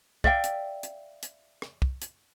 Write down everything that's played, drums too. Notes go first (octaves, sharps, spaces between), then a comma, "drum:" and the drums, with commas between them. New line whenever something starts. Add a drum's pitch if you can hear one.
D5 E5 F5 G5, drum: kick
drum: hi-hat
drum: hi-hat
drum: hi-hat
drum: rim click
drum: kick
drum: hi-hat